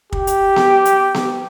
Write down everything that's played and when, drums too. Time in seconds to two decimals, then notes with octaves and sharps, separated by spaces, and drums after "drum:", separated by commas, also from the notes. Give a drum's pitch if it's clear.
0.13 G4, drum: kick
0.27 drum: hi-hat
0.56 drum: snare B3
0.85 drum: hi-hat
1.14 drum: snare B3